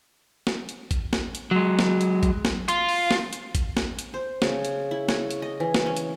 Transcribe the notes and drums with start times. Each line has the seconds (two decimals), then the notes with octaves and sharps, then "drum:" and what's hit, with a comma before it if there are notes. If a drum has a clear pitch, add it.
0.47 drum: snare
0.69 drum: hi-hat
0.91 drum: kick A1, hi-hat
1.13 drum: snare
1.35 drum: hi-hat
1.51 F#3 G#3
1.79 drum: snare
2.01 drum: hi-hat
2.23 drum: kick A1, hi-hat
2.45 drum: snare
2.68 F4, drum: hi-hat
2.89 drum: open hi-hat
3.11 drum: snare
3.33 drum: hi-hat
3.55 drum: kick A1, hi-hat
3.77 drum: snare
3.99 drum: hi-hat
4.14 C5
4.42 C#3, drum: snare
4.65 drum: hi-hat
4.91 E4
5.09 C#5, drum: snare
5.31 drum: hi-hat
5.42 D#5
5.60 E3
5.75 drum: snare
5.86 C#4
5.96 drum: hi-hat